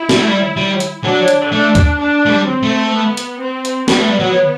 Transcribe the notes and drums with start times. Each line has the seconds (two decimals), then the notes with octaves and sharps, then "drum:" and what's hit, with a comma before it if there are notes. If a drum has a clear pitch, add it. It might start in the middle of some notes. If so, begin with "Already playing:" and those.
Already playing: E4
0.09 G3, drum: snare
0.19 A3
0.28 G3
0.57 G3
0.80 drum: hi-hat
1.04 F#3 D4
1.28 drum: hi-hat
1.52 A3 D4
1.75 drum: kick, hi-hat
1.99 D4
2.26 A3
2.30 G3
2.46 C4
2.63 A3
2.93 B3
3.17 drum: hi-hat
3.42 C4
3.65 drum: hi-hat
3.88 G3 B3, drum: snare
3.99 A3
4.09 G3
4.20 F#3